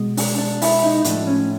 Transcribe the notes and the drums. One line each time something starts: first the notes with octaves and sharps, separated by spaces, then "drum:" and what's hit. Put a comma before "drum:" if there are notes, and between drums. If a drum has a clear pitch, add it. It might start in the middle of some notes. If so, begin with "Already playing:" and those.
Already playing: B2 G#3
D4, drum: open hi-hat
D4
E4, drum: open hi-hat
D#4
A2 F3 A3 D4, drum: hi-hat
C#4